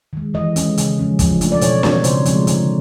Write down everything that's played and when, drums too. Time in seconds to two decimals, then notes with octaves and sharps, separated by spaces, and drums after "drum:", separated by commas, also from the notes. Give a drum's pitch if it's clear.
0.13 D#3 G#3
0.34 E3 D#5
0.56 G#3 C#4, drum: hi-hat
0.77 C#3, drum: hi-hat
0.99 F3 G#3 C#4
1.19 F3, drum: kick, hi-hat
1.41 A3 D4, drum: hi-hat
1.52 D5
1.61 B2 C#5, drum: hi-hat
1.83 G3 C4 D#4 C#5, drum: snare
2.04 C#3 C5, drum: hi-hat
2.25 F3 G#3 C4 D#4, drum: hi-hat
2.47 D3, drum: hi-hat